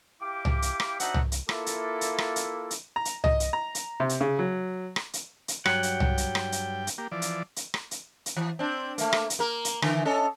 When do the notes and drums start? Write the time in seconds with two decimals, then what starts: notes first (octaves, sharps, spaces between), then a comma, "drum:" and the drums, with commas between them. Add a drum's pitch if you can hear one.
0.21 E4 G4 F5 G5 D6
0.45 drum: tom C2
0.62 drum: hi-hat
0.80 drum: rim click
1.00 D4 D#4 F#4 C5 E5 F#5, drum: hi-hat
1.14 drum: tom C2
1.32 drum: hi-hat
1.49 A#3 E4 F4 A4 E5 D6, drum: rim click
1.66 drum: hi-hat
2.01 drum: hi-hat
2.18 drum: rim click
2.36 drum: hi-hat
2.71 drum: hi-hat
2.96 A#5
3.05 drum: hi-hat
3.24 D#5, drum: tom C2
3.40 drum: hi-hat
3.53 A#5
3.75 drum: hi-hat
4.00 C3
4.09 drum: hi-hat
4.21 C#3
4.39 F#3
4.96 drum: rim click
5.13 drum: hi-hat
5.48 drum: hi-hat
5.66 G2 F#3 F#5 G5, drum: rim click
5.83 drum: hi-hat
6.00 drum: tom C2
6.18 drum: hi-hat
6.35 drum: rim click
6.52 drum: hi-hat
6.87 drum: hi-hat
6.98 A#3 G4
7.12 E3 F3 D5
7.22 drum: hi-hat
7.56 drum: hi-hat
7.74 drum: rim click
7.91 drum: hi-hat
8.26 drum: hi-hat
8.37 E3
8.59 C4 D4
8.98 A3 A#3, drum: hi-hat
9.13 drum: rim click
9.30 drum: hi-hat
9.39 A#3 A#4
9.65 drum: hi-hat
9.82 D3 E3, drum: rim click
10.05 C#4 A4 D#5